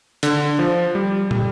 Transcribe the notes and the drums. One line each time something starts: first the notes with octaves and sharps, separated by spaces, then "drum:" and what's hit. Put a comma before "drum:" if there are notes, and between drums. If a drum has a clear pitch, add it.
D3, drum: hi-hat
F3
G3
G3, drum: tom